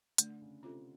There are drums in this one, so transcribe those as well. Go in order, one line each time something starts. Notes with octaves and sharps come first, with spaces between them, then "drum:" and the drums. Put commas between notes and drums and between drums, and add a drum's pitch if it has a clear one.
D3 A3, drum: hi-hat
C#3
C3 C#4 F4 A4